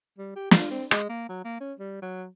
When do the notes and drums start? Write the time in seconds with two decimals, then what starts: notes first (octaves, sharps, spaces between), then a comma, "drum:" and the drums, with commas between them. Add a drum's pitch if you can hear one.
0.18 G3
0.36 G4
0.51 F4, drum: snare
0.71 C4
0.91 G#3, drum: rim click
1.09 A#3
1.29 F#3
1.45 A#3
1.61 C#4
1.79 G3
2.02 F#3